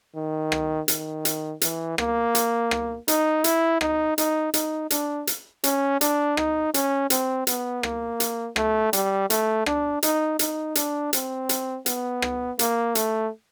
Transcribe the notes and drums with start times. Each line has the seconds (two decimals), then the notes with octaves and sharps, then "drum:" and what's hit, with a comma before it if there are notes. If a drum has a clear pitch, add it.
0.15 D#3
0.52 drum: rim click
0.88 D#3, drum: hi-hat
1.25 drum: hi-hat
1.61 E3, drum: hi-hat
1.98 A#3, drum: rim click
2.35 drum: hi-hat
2.71 drum: rim click
3.08 D#4, drum: hi-hat
3.44 E4, drum: hi-hat
3.81 D#4, drum: rim click
4.18 D#4, drum: hi-hat
4.54 D#4, drum: hi-hat
4.90 D4, drum: hi-hat
5.27 drum: hi-hat
5.64 C#4, drum: hi-hat
6.01 D4, drum: hi-hat
6.37 D#4, drum: rim click
6.74 C#4, drum: hi-hat
7.10 C4, drum: hi-hat
7.47 B3, drum: hi-hat
7.83 A#3, drum: rim click
8.20 drum: hi-hat
8.56 A3, drum: rim click
8.93 G3, drum: hi-hat
9.30 A3, drum: hi-hat
9.66 D4, drum: rim click
10.03 D#4, drum: hi-hat
10.39 D#4, drum: hi-hat
10.75 D4, drum: hi-hat
11.13 C4, drum: hi-hat
11.49 drum: hi-hat
11.86 B3, drum: hi-hat
12.22 drum: rim click
12.59 A#3, drum: hi-hat
12.95 A3, drum: hi-hat